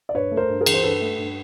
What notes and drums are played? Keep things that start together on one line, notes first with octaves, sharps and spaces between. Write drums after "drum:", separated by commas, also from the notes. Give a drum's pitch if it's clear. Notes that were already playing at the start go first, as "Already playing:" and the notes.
D5
G2 B4 C#5
A3
A#4 C5
G2
G#4 A#4
E3, drum: cymbal
C5
G2 A4 B4
A3
G2